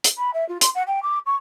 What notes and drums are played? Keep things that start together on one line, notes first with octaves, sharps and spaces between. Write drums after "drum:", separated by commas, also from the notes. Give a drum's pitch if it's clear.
drum: hi-hat
B5
E5
F4
C6, drum: hi-hat
F#5
G5
D6
C#6